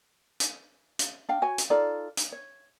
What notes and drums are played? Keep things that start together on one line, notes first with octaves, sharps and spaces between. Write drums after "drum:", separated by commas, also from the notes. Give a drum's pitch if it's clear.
drum: hi-hat
drum: hi-hat
D4 F5 G5
F#4 C#5 G#5
drum: hi-hat
D#4 F4 A4 D5
drum: hi-hat
C#5